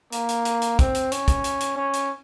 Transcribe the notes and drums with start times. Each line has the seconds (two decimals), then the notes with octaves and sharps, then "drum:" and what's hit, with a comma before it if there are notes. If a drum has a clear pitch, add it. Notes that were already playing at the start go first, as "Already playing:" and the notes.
0.12 A#3, drum: hi-hat
0.29 drum: hi-hat
0.45 drum: hi-hat
0.62 drum: hi-hat
0.79 C4, drum: kick, hi-hat
0.95 drum: hi-hat
1.12 C#4, drum: hi-hat
1.28 drum: kick, hi-hat
1.44 drum: hi-hat
1.61 drum: hi-hat
1.77 C#4
1.94 drum: hi-hat